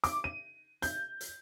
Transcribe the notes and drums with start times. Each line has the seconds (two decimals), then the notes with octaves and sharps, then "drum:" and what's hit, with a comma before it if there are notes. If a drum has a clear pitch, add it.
0.04 D6, drum: hi-hat
0.24 D#7
0.82 G6, drum: hi-hat
1.21 drum: hi-hat